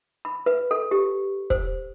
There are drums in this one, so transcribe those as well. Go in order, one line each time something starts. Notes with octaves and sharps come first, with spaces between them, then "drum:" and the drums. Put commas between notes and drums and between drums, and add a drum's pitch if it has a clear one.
B5
B4
A4
G4
C5, drum: kick